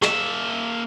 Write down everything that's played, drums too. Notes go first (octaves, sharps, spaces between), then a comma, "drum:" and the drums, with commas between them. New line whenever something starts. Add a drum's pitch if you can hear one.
A#3 E5, drum: rim click